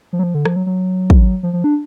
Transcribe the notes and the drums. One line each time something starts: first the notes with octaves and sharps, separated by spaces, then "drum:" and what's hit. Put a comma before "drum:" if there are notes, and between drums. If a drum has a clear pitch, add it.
F3
F#3
F3
D3
F3, drum: rim click
F#3
F#3
drum: kick
F3
F3
D4